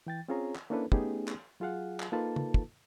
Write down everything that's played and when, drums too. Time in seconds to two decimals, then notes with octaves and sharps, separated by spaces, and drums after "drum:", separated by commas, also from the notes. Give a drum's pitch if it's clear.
0.07 E3 G5 A6
0.29 C4 C#4 F4 G#4 C#5 A#5
0.56 drum: clap
0.70 A#3 C#4 D4 E4 A4 B4
0.92 A3 B3 C#4 D#4 G4 G#4, drum: kick
1.28 drum: clap
1.60 F#3 F4 G#4 F5 F#5
2.00 drum: clap
2.12 A#3 D#4 F4 A4 B4 A5
2.36 drum: tom
2.54 drum: kick